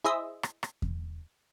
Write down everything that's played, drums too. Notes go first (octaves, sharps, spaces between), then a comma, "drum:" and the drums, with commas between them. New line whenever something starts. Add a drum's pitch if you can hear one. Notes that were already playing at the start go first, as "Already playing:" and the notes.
E4 G#4 C5 D#5 E5
drum: rim click
drum: rim click
drum: kick E2